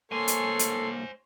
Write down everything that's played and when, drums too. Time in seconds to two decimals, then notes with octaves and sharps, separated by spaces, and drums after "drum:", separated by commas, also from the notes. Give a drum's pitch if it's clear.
0.12 C2 A#3 A4 C5 C#5 G#5 C6
0.28 drum: hi-hat
0.59 drum: hi-hat